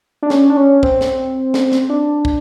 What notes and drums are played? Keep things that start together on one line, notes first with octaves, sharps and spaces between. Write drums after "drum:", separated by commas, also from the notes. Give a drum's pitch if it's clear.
D4
C#4, drum: snare
D4
C#4
C4, drum: kick
drum: snare
drum: snare
drum: snare
D4
drum: kick